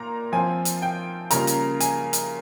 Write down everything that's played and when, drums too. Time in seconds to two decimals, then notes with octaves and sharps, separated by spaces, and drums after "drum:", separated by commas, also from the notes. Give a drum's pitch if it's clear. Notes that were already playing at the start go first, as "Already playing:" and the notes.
Already playing: A#2 A#3 A#5
0.32 F3 C4 F4 G#5
0.65 drum: hi-hat
0.82 G5
1.31 C#3 G3 A#3 C#4 F4 A#5, drum: hi-hat
1.47 drum: hi-hat
1.80 G#5, drum: hi-hat
2.13 drum: hi-hat